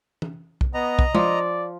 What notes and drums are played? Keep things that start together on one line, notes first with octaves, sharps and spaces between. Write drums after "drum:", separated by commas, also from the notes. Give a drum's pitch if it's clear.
drum: tom
drum: kick
B3 D#5 A#5
drum: kick
F3 D5, drum: tom